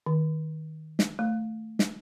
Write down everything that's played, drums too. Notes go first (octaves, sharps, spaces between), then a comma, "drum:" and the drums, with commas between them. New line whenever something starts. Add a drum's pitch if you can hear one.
D#3
drum: snare
A3
drum: snare